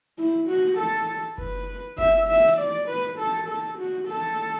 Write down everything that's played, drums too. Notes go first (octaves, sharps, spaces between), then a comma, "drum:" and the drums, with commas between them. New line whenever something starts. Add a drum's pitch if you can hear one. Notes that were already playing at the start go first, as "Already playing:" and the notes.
E4
F#4
A4
B4, drum: kick F#1
E5, drum: kick F#1
E5
drum: snare
D5
B4
A4
A4
F#4
A4